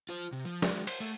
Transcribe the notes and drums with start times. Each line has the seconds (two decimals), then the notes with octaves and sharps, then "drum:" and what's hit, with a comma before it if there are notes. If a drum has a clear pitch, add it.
0.09 F4 C5
0.32 C3
0.45 F3
0.62 G#3 F#4, drum: snare
0.87 C5, drum: cymbal
1.00 A3